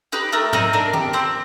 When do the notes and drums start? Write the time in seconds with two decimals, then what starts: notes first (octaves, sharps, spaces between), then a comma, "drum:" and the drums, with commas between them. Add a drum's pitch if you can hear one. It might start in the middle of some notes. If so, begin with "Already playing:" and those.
0.12 D#4 G4 B4
0.32 A3 A#4
0.53 C4 D#4 A#4, drum: tom G#2
0.73 D4 A#4
0.93 G4, drum: tom D#3
1.13 C4 C5